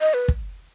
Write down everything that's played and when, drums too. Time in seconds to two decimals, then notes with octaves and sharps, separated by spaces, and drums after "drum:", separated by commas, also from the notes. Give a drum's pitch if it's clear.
0.01 D#5
0.14 B4
0.28 drum: kick